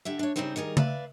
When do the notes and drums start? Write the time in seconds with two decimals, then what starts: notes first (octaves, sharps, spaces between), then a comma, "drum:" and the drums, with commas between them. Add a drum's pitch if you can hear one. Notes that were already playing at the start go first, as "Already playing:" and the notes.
0.05 D3 G4 E5
0.19 D4 C#5
0.36 C#3 G3 A#3 C4 D#4 C5
0.56 D#3 G3 G#4 A#4
0.77 B4 D5 E5 F5, drum: tom C#3